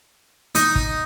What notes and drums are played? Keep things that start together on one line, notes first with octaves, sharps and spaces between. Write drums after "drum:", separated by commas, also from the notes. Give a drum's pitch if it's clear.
D#4, drum: hi-hat
drum: kick